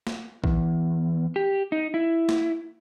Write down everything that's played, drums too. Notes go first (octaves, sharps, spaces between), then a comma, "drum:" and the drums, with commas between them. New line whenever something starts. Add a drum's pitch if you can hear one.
drum: snare
E2, drum: kick A#1
G4
D#4
E4
drum: snare